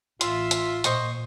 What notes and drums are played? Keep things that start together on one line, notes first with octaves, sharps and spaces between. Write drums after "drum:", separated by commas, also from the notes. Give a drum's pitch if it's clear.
A1 F4 E5 C6, drum: hi-hat
drum: hi-hat
A#2 C5 D#5 C#6, drum: hi-hat